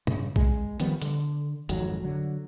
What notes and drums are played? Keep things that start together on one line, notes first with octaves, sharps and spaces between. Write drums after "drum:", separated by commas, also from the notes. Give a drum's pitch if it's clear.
G2 C#3, drum: tom
G#3, drum: kick A#1
D#3 F3 G3 B3, drum: hi-hat
D3, drum: hi-hat
G#1 F2 F#3, drum: hi-hat
D3 F#3